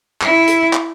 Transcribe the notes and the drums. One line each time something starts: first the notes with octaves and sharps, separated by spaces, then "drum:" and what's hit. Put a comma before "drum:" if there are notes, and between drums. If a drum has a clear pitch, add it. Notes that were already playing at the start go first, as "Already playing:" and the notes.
E4, drum: clap
drum: hi-hat
drum: clap